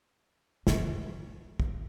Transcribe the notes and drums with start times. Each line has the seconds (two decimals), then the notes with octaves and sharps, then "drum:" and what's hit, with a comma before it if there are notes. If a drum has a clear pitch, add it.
0.67 E2, drum: snare
1.60 drum: kick